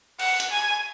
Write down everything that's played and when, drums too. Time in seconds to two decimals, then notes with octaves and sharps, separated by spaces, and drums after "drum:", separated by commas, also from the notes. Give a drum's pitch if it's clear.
0.19 F#5, drum: cymbal
0.40 drum: hi-hat
0.51 G#5